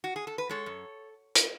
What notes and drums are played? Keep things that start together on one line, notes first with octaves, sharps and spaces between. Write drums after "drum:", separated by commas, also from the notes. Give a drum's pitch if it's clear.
F#4
G#4
A4
B4
G#3 A4 C#5
F#2
drum: hi-hat